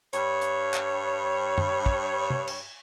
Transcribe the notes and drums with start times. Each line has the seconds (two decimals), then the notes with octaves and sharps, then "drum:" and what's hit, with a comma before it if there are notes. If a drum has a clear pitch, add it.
0.13 G2 C#5, drum: hi-hat
0.42 drum: hi-hat
0.74 drum: clap
1.58 drum: tom F#2
1.86 drum: kick
2.30 drum: tom
2.47 drum: cymbal